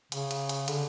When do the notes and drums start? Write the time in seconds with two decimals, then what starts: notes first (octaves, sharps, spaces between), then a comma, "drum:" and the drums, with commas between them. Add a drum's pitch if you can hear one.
0.12 C#3, drum: hi-hat
0.31 drum: hi-hat
0.49 drum: hi-hat
0.68 D3, drum: hi-hat